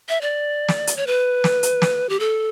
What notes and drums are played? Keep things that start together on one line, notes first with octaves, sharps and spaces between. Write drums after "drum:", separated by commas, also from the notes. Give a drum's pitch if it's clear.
E5
D5
drum: snare
drum: hi-hat
C#5
B4
drum: snare
drum: hi-hat
drum: snare
G4
A4